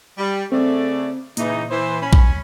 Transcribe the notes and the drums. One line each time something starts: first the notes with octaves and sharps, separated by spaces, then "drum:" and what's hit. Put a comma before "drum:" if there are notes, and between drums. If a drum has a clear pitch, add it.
G3
C#3 A3 C4 D5
A#2 C#3 E3 D#4, drum: hi-hat
E3 C5
C#4 B5
drum: kick A#1